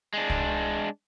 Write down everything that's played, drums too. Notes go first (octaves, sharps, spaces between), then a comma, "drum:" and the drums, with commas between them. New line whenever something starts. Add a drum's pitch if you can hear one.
G#3 D4
drum: kick C2